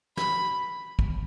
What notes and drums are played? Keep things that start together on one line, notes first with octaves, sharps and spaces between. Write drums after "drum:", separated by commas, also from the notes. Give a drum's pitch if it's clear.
B5, drum: snare
drum: kick